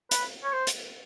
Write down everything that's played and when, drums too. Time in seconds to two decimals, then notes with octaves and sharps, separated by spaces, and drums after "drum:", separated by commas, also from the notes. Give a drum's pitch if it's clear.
0.11 B4, drum: hi-hat
0.44 C#5
0.53 C5
0.67 drum: hi-hat